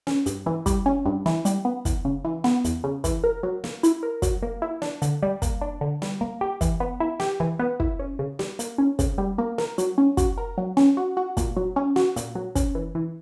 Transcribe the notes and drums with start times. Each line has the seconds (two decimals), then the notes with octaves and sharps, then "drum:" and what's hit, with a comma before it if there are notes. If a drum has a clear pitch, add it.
0.07 C#4, drum: snare
0.26 G2, drum: hi-hat
0.46 E3
0.66 G3, drum: kick, hi-hat
0.86 C#4
1.05 G2
1.26 E3, drum: snare
1.45 G3, drum: hi-hat
1.65 B3
1.85 E2, drum: kick, hi-hat
2.05 C#3
2.25 E3
2.44 B3, drum: snare
2.64 E2, drum: hi-hat
2.84 C#3
3.04 E3, drum: kick, hi-hat
3.24 A#4
3.43 F#3
3.64 A#3, drum: snare
3.83 E4, drum: hi-hat
4.03 A#4
4.22 F#3, drum: kick, hi-hat
4.43 A#3
4.62 E4
4.82 D4, drum: snare
5.02 D3, drum: hi-hat
5.23 G3
5.42 A#3, drum: kick, hi-hat
5.61 D4
5.81 D3
6.02 G3, drum: snare
6.21 A#3
6.41 G4
6.61 E3, drum: kick, hi-hat
6.80 B3
7.00 E4
7.20 G4, drum: snare
7.40 E3
7.59 B3
7.80 E4, drum: kick
7.99 C#4
8.19 C#3
8.39 G3, drum: snare
8.59 A#3, drum: hi-hat
8.78 C#4
8.99 C#3, drum: kick, hi-hat
9.18 G3
9.38 A#3
9.58 A#4, drum: snare
9.78 F#3, drum: hi-hat
9.98 C#4
10.17 F#4, drum: kick, hi-hat
10.38 A#4
10.58 F#3
10.77 C#4, drum: snare
10.97 F#4
11.17 F#4
11.37 A#2, drum: kick, hi-hat
11.57 F#3
11.76 C#4
11.96 F#4, drum: snare
12.16 A#2, drum: hi-hat
12.35 F#3
12.55 C#4, drum: kick, hi-hat
12.75 E3
12.95 E3